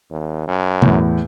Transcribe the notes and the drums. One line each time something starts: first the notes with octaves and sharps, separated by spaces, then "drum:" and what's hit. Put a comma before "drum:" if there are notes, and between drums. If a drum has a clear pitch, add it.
D#2
F#2
E2 A2, drum: tom B2